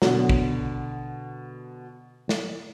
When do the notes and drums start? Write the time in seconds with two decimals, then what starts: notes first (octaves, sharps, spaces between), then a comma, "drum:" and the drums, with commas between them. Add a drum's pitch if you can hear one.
0.02 B2 D3 F#3, drum: snare
0.29 drum: kick A1
2.29 drum: snare